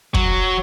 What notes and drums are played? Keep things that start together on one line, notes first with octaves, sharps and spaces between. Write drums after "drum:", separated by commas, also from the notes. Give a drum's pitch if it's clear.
F#3, drum: kick